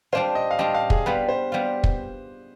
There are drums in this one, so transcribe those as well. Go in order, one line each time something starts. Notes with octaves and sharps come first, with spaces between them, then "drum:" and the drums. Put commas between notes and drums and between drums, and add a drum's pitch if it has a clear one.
G3 D4 F4 C5
D#5
F5
G3 D4 F4 D#5
F5
G#4, drum: kick
G3 B3 F4 B4
C5
G3 B3 F4
drum: kick